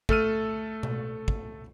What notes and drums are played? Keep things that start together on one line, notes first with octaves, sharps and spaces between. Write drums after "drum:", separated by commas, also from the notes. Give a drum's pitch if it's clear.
A3 A4 F6 D#7, drum: kick
drum: tom B2
drum: kick